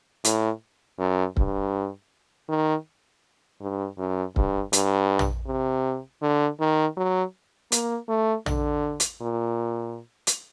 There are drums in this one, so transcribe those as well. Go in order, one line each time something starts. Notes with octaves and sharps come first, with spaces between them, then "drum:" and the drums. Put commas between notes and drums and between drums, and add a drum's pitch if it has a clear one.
A2, drum: hi-hat
F#2
G2, drum: kick C#1
D#3
G2
F#2
G2, drum: kick C#1
G2, drum: hi-hat
drum: tom A#1
C3
D3
D#3
F#3
A#3, drum: hi-hat
A3
D3, drum: tom A#1
drum: hi-hat
A#2
drum: hi-hat